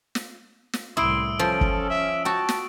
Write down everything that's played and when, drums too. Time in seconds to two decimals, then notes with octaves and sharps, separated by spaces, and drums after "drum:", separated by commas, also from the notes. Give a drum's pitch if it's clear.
0.15 drum: snare
0.73 drum: snare
0.97 C2 A2 E4 C6 D#6 E6 D7
1.39 F3 C#4 A4
1.61 drum: kick
1.90 E5
2.25 F#4 G5 A5
2.49 drum: snare